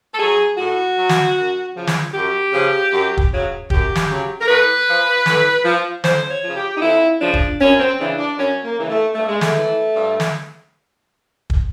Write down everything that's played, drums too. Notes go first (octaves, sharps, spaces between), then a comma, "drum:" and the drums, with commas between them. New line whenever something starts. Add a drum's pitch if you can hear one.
A4
F#3 G#4
A2 F#4
F#3
drum: snare
F#2
C#3 F3
drum: snare
F#2 G4
C#3 F3
F#2
drum: kick
C#3 F#3
F#2 G4, drum: kick
drum: snare
C#3 F#3
A#4
A2 B4
F3
A2, drum: snare
F3
F2 C5, drum: snare
C#5
C#3 F3
G4
D#4
F2 E4
C#3 F3 D4
drum: kick
F#2 C#4
C4
C#3 E3 D4
D4
F#2 C#4
A#3
C#3 E3
A3
G2 A3
G#3
A3, drum: snare
E3
G2
drum: snare
drum: kick